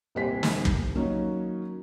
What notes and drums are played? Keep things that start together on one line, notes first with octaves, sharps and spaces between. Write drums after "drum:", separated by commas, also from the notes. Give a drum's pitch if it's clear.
D#1 C2 G4 C5 G#5 B6
drum: snare
drum: kick
D#3 F#3 A#3 C#4 D#4 F#4